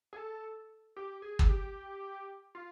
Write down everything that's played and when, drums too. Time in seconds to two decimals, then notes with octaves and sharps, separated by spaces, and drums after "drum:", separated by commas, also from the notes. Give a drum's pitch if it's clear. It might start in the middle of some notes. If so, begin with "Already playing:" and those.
0.13 G#4
0.16 A4
0.96 G4
1.22 G#4
1.39 drum: kick
1.49 G4
2.55 F4